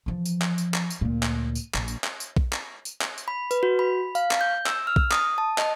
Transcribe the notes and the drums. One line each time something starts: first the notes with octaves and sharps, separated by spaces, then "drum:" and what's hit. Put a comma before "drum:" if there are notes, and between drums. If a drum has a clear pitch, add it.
E3 F3
drum: tambourine
drum: clap
drum: tambourine
drum: clap
drum: tambourine
D2 A#2
drum: clap
drum: tambourine
A#1, drum: clap
drum: tambourine
drum: clap
drum: tambourine
drum: kick A#1
drum: clap
drum: tambourine
drum: clap
drum: tambourine
B5
B4, drum: tambourine
F#4
B5
F5, drum: tambourine
drum: clap
G6
E6, drum: clap
F6
drum: kick A#1
D#6, drum: clap
A5
D#5, drum: clap